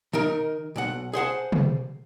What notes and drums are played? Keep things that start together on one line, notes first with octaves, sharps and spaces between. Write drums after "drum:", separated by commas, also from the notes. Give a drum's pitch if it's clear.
D#3 D#4 A#4
B1 F#5
G#4 C5 F#5 A5
drum: tom